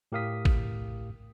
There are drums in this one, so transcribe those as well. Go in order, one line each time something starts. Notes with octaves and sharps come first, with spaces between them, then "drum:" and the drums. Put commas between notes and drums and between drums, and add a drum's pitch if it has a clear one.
A2 G4 A#4 F5 D#6 B6
drum: kick